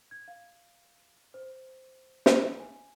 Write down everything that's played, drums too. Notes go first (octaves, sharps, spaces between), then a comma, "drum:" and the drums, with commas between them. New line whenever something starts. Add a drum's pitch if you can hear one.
G#6
F5
C5
drum: snare
G#5